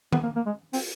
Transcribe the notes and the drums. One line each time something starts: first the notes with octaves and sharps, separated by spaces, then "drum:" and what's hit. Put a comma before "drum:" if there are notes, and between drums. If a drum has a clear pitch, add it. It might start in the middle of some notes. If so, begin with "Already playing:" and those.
B3, drum: tom D#3
A#3
A#3
G#3
C4, drum: open hi-hat